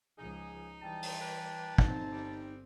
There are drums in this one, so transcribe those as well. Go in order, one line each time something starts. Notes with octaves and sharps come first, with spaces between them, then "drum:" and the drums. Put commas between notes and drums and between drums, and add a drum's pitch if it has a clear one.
C#2 F3 D#4 G#4
E3 G3 G5 A5
drum: open hi-hat
A#3 G4 B4
G1 C4 D#4, drum: kick
G3 G4